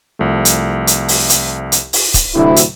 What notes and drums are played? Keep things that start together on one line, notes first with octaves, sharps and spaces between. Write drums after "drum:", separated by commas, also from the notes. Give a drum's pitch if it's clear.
C2 F3 A3
drum: hi-hat
drum: hi-hat
drum: open hi-hat
drum: hi-hat
drum: hi-hat
drum: open hi-hat
drum: kick, hi-hat
D2 A2 C3 F#3 E4
drum: hi-hat